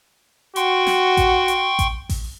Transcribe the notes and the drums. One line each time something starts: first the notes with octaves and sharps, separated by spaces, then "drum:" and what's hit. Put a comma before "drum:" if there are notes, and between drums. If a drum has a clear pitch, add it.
F#4 G5 C6 C#6, drum: hi-hat
drum: snare
drum: kick A1, hi-hat
drum: hi-hat
drum: kick A1, hi-hat
drum: kick A1, open hi-hat